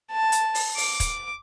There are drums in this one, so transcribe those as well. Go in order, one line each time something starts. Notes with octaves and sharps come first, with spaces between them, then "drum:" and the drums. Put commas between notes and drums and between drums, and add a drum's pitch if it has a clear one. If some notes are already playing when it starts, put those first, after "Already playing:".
A5
drum: hi-hat
drum: open hi-hat
D6, drum: open hi-hat
drum: kick, hi-hat